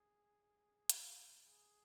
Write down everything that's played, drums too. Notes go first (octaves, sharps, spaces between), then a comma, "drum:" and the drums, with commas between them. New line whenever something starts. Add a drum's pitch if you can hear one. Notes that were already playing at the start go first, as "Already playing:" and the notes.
Already playing: G#4
drum: hi-hat
G#4